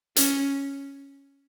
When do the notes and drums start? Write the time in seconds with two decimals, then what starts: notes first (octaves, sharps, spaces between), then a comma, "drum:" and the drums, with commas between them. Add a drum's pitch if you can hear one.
0.16 C#4, drum: hi-hat